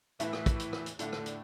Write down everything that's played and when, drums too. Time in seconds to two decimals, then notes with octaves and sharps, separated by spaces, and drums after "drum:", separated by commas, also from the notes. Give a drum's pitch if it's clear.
0.20 A2 E3 A3 E4, drum: hi-hat
0.33 drum: rim click
0.46 drum: kick, hi-hat
0.60 drum: hi-hat
0.73 drum: rim click
0.86 drum: hi-hat
0.99 A2 D3 A3 D4, drum: hi-hat
1.13 drum: rim click
1.26 drum: hi-hat